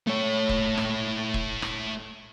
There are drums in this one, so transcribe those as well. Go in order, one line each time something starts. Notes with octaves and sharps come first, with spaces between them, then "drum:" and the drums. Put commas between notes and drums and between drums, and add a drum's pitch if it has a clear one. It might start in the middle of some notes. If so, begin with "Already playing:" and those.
A3 C#5
drum: kick
drum: rim click
drum: kick
drum: rim click